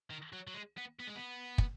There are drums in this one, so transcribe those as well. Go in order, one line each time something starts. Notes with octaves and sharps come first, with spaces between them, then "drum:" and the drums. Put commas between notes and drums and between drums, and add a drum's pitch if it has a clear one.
D#3
F#3
F#3
G#3
B3
B3
G#3
B3
drum: kick